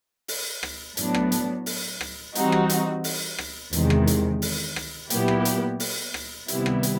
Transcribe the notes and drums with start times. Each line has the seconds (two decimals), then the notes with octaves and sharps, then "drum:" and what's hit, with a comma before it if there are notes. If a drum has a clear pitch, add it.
0.28 drum: open hi-hat
0.63 drum: rim click
0.97 A2 F#3 B3 D4, drum: hi-hat
1.14 drum: rim click
1.32 drum: hi-hat
1.66 drum: open hi-hat
2.01 drum: rim click
2.35 E3 G3 C4 D#4 F#4, drum: hi-hat
2.52 drum: rim click
2.70 drum: hi-hat
3.04 drum: open hi-hat
3.38 drum: rim click
3.73 E2 C3 D#3 G#3, drum: hi-hat
3.90 drum: rim click
4.07 drum: hi-hat
4.42 drum: open hi-hat
4.76 drum: rim click
5.10 A#2 F#3 B3 E4 G4, drum: hi-hat
5.28 drum: rim click
5.45 drum: hi-hat
5.80 drum: open hi-hat
6.14 drum: rim click
6.48 C3 D#3 G3 B3 E4, drum: hi-hat
6.66 drum: rim click
6.83 drum: hi-hat